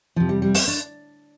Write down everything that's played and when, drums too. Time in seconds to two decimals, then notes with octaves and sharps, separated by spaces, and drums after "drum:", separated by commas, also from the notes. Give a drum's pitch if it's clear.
0.16 F2 C3 F3
0.29 G3
0.42 G3
0.54 C4, drum: open hi-hat
0.68 D4